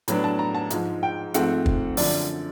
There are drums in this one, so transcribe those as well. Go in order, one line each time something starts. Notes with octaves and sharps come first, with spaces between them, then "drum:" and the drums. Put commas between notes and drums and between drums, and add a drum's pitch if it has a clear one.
A2 F#3 B3 D4, drum: hi-hat
A5
A#5
A5
G#2 F3 G#3, drum: hi-hat
G5
G#2 F3 A3 C4 F#5, drum: hi-hat
drum: kick
F#2 D3 F3 D5, drum: open hi-hat